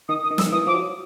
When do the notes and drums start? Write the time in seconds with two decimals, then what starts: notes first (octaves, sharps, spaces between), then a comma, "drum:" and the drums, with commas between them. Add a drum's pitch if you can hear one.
0.09 D#3 D#6
0.23 D#6
0.31 D#3
0.38 E6, drum: snare
0.45 D#3
0.52 E3 D#6
0.67 F3 D6
0.74 F#3